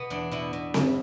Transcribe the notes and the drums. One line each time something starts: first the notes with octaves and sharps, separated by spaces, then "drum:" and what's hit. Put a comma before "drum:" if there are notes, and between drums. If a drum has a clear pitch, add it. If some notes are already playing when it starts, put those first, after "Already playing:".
Already playing: B2 B3
E2 D4
B2 E4
B2
G2, drum: snare C4